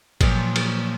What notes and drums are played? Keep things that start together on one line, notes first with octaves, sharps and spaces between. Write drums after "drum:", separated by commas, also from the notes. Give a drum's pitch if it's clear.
A#2 F3 F#3, drum: kick G#1, cymbal
drum: cymbal